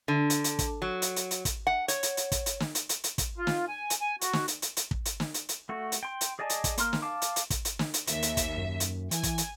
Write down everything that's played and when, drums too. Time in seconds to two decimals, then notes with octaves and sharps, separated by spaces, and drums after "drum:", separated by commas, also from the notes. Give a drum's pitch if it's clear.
0.08 D3
0.30 drum: hi-hat
0.44 drum: hi-hat
0.59 drum: kick, hi-hat
0.82 F#3
1.02 drum: hi-hat
1.16 drum: hi-hat
1.31 drum: hi-hat
1.45 drum: kick, hi-hat
1.67 F#5
1.88 C#5, drum: hi-hat
2.03 drum: hi-hat
2.17 drum: hi-hat
2.32 drum: kick, hi-hat
2.46 drum: hi-hat
2.60 drum: snare
2.75 drum: hi-hat
2.89 drum: hi-hat
3.04 drum: hi-hat
3.18 drum: kick, hi-hat
3.38 F4
3.47 drum: snare
3.68 G#5
3.90 drum: hi-hat
4.01 G#5
4.21 F#4, drum: hi-hat
4.33 drum: snare
4.48 drum: hi-hat
4.62 drum: hi-hat
4.77 drum: hi-hat
4.91 drum: kick
5.05 drum: hi-hat
5.20 drum: snare
5.34 drum: hi-hat
5.49 drum: hi-hat
5.69 A3 F#4
5.92 drum: hi-hat
6.03 G5 C6
6.21 drum: hi-hat
6.39 G#4 D5 D#5 G#5 A5
6.50 drum: hi-hat
6.64 drum: kick, hi-hat
6.78 A#3 C6 F6, drum: hi-hat
6.93 drum: snare
7.02 F5 A5 D6
7.22 drum: hi-hat
7.36 drum: hi-hat
7.50 drum: kick, hi-hat
7.65 drum: hi-hat
7.79 drum: snare
7.94 drum: hi-hat
8.07 D#2 E5, drum: hi-hat
8.22 drum: hi-hat
8.37 drum: kick, hi-hat
8.57 F#2
8.80 drum: hi-hat
9.11 E3 G#5, drum: hi-hat
9.23 drum: kick, hi-hat
9.38 drum: hi-hat